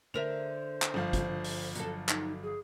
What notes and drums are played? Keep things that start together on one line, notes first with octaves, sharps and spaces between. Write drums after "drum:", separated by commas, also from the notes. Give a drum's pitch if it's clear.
D3 A#4 C5 E5 F7
drum: clap
G1 F3 F5
drum: kick, hi-hat
drum: open hi-hat
F#3 A4, drum: hi-hat
D#4, drum: clap
G#4